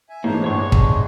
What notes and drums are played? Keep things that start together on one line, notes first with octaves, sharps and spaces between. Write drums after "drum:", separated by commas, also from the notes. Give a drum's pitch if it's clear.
E5 G#5
A2 E3 G#3 A#3 D4 C5 C#5
G1 G#3 D4 C#5 C#6
drum: kick